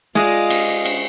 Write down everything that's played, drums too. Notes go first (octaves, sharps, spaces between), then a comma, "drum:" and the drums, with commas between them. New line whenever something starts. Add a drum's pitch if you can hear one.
G#3 F4 D5 D#5 F5, drum: snare
drum: cymbal
drum: cymbal